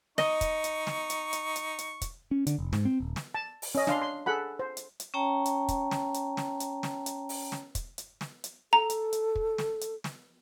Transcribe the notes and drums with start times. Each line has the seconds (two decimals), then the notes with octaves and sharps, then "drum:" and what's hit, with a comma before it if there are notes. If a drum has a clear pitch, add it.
0.18 D#4 D#5 C#6, drum: snare
0.41 drum: kick, hi-hat
0.64 drum: hi-hat
0.87 drum: snare
1.10 drum: hi-hat
1.33 drum: hi-hat
1.56 drum: hi-hat
1.79 drum: hi-hat
2.01 drum: kick, hi-hat
2.31 C#4
2.47 D3, drum: hi-hat
2.59 F1
2.73 G#2, drum: snare
2.85 C4
3.00 D#1
3.16 drum: snare
3.34 A5
3.62 drum: open hi-hat
3.75 C#4 D#5
3.87 D4 F5 C6, drum: snare
4.02 C6
4.26 G#4 A4 F#5 B5
4.59 C5
4.77 drum: hi-hat
5.00 drum: hi-hat
5.14 C#4 C#5 G5 A5 A#5
5.46 drum: hi-hat
5.68 drum: kick, hi-hat
5.91 drum: snare
6.14 drum: hi-hat
6.37 drum: snare
6.60 drum: hi-hat
6.83 drum: snare
7.06 drum: hi-hat
7.29 drum: open hi-hat
7.52 drum: snare
7.75 drum: kick, hi-hat
7.98 drum: hi-hat
8.21 drum: snare
8.44 drum: hi-hat
8.73 A4 A#5
8.90 drum: hi-hat
9.13 drum: hi-hat
9.35 drum: kick
9.58 drum: snare
9.81 drum: hi-hat
10.04 drum: snare